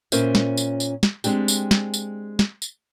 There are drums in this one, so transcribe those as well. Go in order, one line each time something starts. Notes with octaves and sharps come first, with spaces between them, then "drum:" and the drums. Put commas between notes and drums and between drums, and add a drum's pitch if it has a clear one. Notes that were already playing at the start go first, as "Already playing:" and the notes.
A#2 C#4 A#4 C5 E5, drum: tambourine
drum: snare
drum: tambourine
drum: tambourine
drum: snare
G#3 C4 D4 G4, drum: tambourine
drum: tambourine
drum: snare
drum: tambourine
drum: snare
drum: tambourine